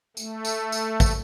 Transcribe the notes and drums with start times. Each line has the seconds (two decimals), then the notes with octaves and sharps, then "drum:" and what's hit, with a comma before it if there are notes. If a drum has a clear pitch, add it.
0.17 A3, drum: tambourine
0.45 drum: tambourine
0.72 drum: tambourine
1.00 drum: kick, tambourine